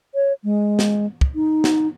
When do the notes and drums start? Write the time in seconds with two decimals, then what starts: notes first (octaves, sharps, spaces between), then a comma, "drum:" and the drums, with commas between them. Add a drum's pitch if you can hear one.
0.15 C#5
0.44 G#3
0.79 drum: snare
1.21 drum: kick
1.35 D#4
1.64 drum: snare